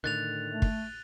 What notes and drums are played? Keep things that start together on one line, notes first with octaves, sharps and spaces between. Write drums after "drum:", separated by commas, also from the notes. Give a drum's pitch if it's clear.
A2 D3 D#3 F#6 A6 F7
A3
drum: kick